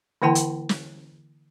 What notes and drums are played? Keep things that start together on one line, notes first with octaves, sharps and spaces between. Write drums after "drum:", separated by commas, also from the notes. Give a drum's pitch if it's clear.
D3 E3 A#3 E4 G5 A5
drum: hi-hat
drum: snare